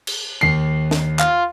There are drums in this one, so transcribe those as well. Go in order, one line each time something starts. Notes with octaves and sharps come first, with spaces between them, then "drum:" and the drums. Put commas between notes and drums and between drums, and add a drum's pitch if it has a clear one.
drum: cymbal
D#2 C7
drum: snare
F4, drum: clap